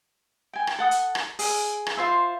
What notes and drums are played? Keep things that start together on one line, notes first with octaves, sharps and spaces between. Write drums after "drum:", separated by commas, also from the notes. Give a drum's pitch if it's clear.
G5 G#5
drum: rim click
A4 F#5 D#6
drum: hi-hat
drum: rim click
G#4, drum: open hi-hat
drum: rim click
F4 C5 E5